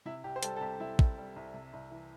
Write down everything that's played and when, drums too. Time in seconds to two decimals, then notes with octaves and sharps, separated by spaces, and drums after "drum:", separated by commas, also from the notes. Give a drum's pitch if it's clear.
0.05 C3 E4
0.24 C2 G4
0.36 C5
0.43 G3 A4, drum: hi-hat
0.56 A4
0.61 C2 G4
0.80 C3 E4
0.99 C2, drum: kick
1.18 G3
1.36 C2
1.54 C3
1.73 C2
1.91 E3